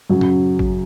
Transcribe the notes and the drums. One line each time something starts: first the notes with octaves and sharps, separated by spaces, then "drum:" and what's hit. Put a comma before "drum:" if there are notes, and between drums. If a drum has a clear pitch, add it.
F#2 C#3 F#3 C#4
drum: tom
drum: kick G#1